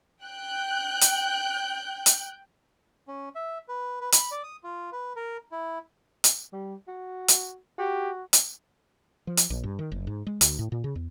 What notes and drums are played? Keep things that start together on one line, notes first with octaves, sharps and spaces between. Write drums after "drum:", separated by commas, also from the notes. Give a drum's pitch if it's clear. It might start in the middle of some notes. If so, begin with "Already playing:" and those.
G5 F#6 G6
drum: hi-hat
drum: hi-hat
C#4
E5
B4
B4
B5, drum: hi-hat
D5
D#6
F4
B4
A#4
E4
drum: hi-hat
G3
F#4
drum: hi-hat
F#4 G4
drum: hi-hat
F3
drum: hi-hat
A#1
G2
D#3
F#1
G#2
G#3
D2, drum: hi-hat
A2
A#2
C#3
E2